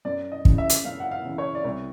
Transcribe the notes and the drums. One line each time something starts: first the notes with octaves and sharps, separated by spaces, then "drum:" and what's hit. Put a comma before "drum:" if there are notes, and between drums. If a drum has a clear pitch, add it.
F#2 D5
D#5
C#3 E3, drum: kick
E5
drum: hi-hat
F#2 F5
F#5
F5
C#3 E3
C#5
D5
C2 C#5